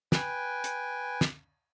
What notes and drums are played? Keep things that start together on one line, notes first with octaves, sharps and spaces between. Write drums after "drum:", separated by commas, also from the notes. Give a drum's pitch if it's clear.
B4 G5 G#5, drum: snare
drum: hi-hat
drum: snare